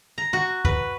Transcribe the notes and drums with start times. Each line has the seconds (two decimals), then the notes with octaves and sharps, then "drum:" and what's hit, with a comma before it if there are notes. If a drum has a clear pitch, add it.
0.18 A#5
0.33 F#4
0.65 B4, drum: kick